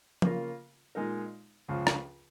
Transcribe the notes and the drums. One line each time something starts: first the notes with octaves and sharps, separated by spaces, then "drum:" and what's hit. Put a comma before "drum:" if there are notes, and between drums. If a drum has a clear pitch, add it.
C#3 A#3 F4 A#4, drum: tom F3
A#2 G#3 D#4 A#4
C#2 C#3 F3
drum: rim click